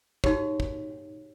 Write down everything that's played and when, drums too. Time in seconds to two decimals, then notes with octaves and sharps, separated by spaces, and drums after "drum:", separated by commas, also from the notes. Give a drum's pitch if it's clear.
0.24 D#4 F#4 G4 C#5, drum: kick
0.60 drum: kick